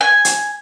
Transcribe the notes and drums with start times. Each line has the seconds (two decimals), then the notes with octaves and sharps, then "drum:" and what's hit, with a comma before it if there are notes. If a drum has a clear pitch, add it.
0.01 G#5
0.25 drum: hi-hat